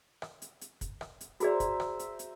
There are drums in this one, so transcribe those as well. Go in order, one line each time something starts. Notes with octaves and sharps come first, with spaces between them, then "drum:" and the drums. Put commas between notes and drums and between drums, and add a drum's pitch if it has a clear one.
drum: rim click
drum: hi-hat
drum: hi-hat
drum: kick, hi-hat
drum: rim click
drum: hi-hat
F#4 G#4 C5 D5 E5 A#5, drum: hi-hat
drum: kick, hi-hat
drum: rim click
drum: hi-hat
drum: hi-hat